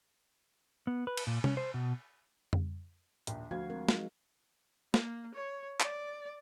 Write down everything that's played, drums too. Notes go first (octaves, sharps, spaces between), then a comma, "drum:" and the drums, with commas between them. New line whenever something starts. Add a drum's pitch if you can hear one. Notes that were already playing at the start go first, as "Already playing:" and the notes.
B3
B4
drum: cymbal
A#2
C#4, drum: tom C3
C5
B2
drum: tom F2
A#1 D#2, drum: hi-hat
D2 F3 F#4 F5 G#6
G#3 C4 A#4
F#3 G#3 D#4, drum: snare
A#3, drum: snare
C#5
D5, drum: clap